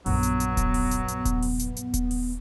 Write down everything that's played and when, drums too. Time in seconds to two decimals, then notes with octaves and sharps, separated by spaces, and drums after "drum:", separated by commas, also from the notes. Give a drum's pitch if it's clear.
0.06 A#1 F#2 F#3 B3, drum: open hi-hat
0.23 drum: hi-hat
0.40 drum: hi-hat
0.57 drum: kick D#1, hi-hat
0.74 drum: open hi-hat
0.91 drum: hi-hat
1.08 drum: hi-hat
1.25 drum: kick D#1, hi-hat
1.42 drum: open hi-hat
1.59 drum: hi-hat
1.77 drum: hi-hat
1.94 drum: kick D#1, hi-hat
2.11 drum: open hi-hat